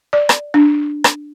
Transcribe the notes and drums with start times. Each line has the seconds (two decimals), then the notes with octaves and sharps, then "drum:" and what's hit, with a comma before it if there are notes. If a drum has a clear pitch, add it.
0.13 D5
0.29 drum: rim click
0.54 D4
1.04 drum: rim click